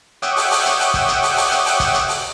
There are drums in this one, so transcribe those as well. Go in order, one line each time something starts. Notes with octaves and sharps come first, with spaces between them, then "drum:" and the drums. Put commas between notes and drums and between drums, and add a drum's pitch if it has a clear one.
C#5 E5 F#5 G5 D6 D#6, drum: hi-hat
drum: open hi-hat
drum: open hi-hat
drum: hi-hat
drum: open hi-hat
drum: kick, hi-hat
drum: hi-hat
drum: open hi-hat
drum: open hi-hat
drum: hi-hat
drum: open hi-hat
drum: kick, hi-hat
drum: hi-hat
drum: open hi-hat